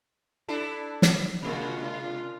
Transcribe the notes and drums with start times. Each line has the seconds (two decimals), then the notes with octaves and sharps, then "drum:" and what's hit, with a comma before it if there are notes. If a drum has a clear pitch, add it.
0.48 D4 E4 A4
1.02 drum: snare
1.42 C3 G#3 A#3 F4 F#4
1.79 D4 F4 A#4